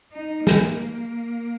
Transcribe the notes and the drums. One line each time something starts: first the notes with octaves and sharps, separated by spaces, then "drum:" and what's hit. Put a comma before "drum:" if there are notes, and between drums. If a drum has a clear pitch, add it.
D#4
A#3, drum: snare